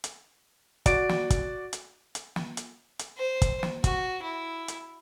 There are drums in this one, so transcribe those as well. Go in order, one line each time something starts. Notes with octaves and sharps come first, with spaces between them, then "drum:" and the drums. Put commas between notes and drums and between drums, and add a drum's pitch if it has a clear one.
drum: hi-hat
F#4 D5 D7, drum: kick, hi-hat
drum: snare
drum: kick, hi-hat
drum: hi-hat
drum: hi-hat
drum: snare
drum: hi-hat
drum: hi-hat
C5
drum: kick, hi-hat
drum: snare
F#4, drum: kick, hi-hat
E4
drum: hi-hat